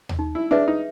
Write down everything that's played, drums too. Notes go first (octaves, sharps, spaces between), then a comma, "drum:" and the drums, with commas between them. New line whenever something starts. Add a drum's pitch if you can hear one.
drum: tom D#2
D#4
E4
D4 G#4 B4 E5
D#4